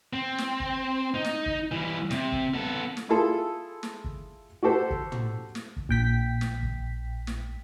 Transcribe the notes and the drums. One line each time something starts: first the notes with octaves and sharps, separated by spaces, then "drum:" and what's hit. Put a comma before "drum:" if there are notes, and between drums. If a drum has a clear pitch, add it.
C4
drum: snare
drum: kick
D#4
drum: snare
drum: kick
E3 G3
C3, drum: snare
drum: kick
B3 A4
drum: snare
E4 F4 G#4 A4
drum: snare
drum: kick
F#4 G4 A4 C5
drum: kick
drum: tom
drum: snare
drum: kick
A#1 G5 B6
drum: snare
drum: kick
drum: snare